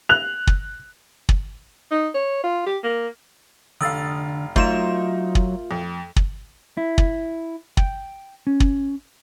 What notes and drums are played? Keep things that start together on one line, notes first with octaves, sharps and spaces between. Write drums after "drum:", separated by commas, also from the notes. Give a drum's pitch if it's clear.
F#6 F7
drum: kick
drum: kick
D#4
C#5
F4
G4
A#3
F1 D3 F5 D#6 E6 A6
F#3 A3 D#4 F4 A#4 E5 C6 E7, drum: kick
drum: kick
F2
drum: kick
E4
drum: kick
G5, drum: kick
C#4
drum: kick